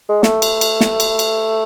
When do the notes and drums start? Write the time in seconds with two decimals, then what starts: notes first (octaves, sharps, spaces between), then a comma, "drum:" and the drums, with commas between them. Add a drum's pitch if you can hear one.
0.09 G#3
0.23 A3, drum: snare
0.42 drum: cymbal
0.61 drum: cymbal
0.81 drum: snare
1.00 drum: cymbal
1.19 drum: cymbal